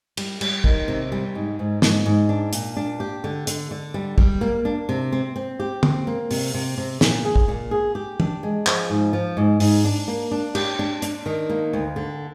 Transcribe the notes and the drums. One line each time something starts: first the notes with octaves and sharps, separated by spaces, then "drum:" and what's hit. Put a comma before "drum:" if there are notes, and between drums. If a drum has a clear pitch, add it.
G3, drum: cymbal
G3, drum: cymbal
D#3, drum: kick
C3
G3
G#2
G#2
G#2, drum: snare
G#2
D4
A#2, drum: hi-hat
D4
G4
D3
D3, drum: hi-hat
D3
G3
G3, drum: kick
A#3
D4
C3
C4
C4
G4
C4, drum: tom
A#3
C3, drum: open hi-hat
C3
C3
A#2, drum: snare
G#4
drum: kick
A#2
G#4
G4
D4, drum: tom
G#3
F3, drum: clap
G#2
F3
G#2
G#2, drum: open hi-hat
D4
A#3
D4
G4, drum: cymbal
D4
D4, drum: hi-hat
D#3
A#3
D2
D3